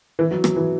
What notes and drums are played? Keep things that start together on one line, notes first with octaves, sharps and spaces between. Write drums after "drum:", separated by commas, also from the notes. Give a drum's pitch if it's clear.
E3
F#3
F#3, drum: rim click
E3